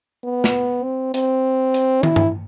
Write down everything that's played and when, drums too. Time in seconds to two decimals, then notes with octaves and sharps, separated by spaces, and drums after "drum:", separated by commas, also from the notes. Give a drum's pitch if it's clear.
0.24 B3
0.44 drum: snare
0.84 C4
1.14 C4, drum: hi-hat
1.74 drum: hi-hat
2.03 E4, drum: tom
2.16 drum: tom G2